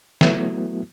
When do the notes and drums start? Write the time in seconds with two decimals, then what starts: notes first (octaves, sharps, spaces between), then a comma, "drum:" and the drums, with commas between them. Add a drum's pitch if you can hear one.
0.21 F#3 A3 B3 E4 F#4, drum: snare